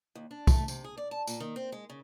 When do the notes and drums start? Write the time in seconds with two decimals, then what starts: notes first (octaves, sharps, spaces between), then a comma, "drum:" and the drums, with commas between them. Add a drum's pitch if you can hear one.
0.15 D#2
0.31 D4
0.47 A3, drum: kick, tambourine
0.68 C3, drum: tambourine
0.84 G#4
0.97 D5
1.11 A5
1.27 A#2, drum: tambourine
1.40 D#3
1.56 C4
1.72 G#3
1.90 C#3